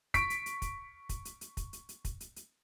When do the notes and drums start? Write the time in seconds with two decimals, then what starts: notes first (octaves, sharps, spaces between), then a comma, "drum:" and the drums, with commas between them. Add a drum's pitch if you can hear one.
0.14 C#6 B6 D7, drum: kick, hi-hat
0.30 drum: hi-hat
0.46 drum: hi-hat
0.62 drum: kick, hi-hat
1.09 drum: kick, hi-hat
1.25 drum: hi-hat
1.41 drum: hi-hat
1.57 drum: kick, hi-hat
1.73 drum: hi-hat
1.89 drum: hi-hat
2.05 drum: kick, hi-hat
2.20 drum: hi-hat
2.36 drum: hi-hat